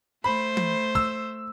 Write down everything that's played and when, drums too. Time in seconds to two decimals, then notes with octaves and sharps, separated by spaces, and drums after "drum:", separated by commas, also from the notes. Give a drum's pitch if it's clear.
0.24 A3 C5 B5
0.57 drum: tom E3
0.95 E6, drum: kick